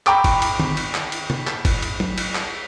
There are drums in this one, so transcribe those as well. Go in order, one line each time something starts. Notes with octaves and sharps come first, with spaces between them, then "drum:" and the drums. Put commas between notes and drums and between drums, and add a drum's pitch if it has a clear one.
G5 A#5 B5 C#6 D6, drum: clap
drum: kick G1, cymbal
drum: cymbal
drum: tom D3
drum: cymbal
drum: clap
drum: cymbal
drum: tom C3
drum: clap
drum: kick G1, cymbal
drum: cymbal
drum: tom F#3
drum: cymbal
drum: clap